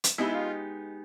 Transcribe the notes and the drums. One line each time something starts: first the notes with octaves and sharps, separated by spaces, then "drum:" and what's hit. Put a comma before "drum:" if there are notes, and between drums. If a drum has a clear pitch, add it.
drum: hi-hat
G#3 B3 D#4 E4 G4
F4